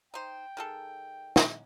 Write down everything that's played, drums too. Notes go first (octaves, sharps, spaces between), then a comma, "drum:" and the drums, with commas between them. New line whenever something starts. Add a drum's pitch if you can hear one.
D#4 C5 G5
D#3 G#4 A4
drum: snare